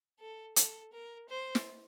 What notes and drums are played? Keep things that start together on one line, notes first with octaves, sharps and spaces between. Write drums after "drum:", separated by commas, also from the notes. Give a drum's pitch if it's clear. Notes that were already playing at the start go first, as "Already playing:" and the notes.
A4
A4, drum: hi-hat
A#4
C5
drum: snare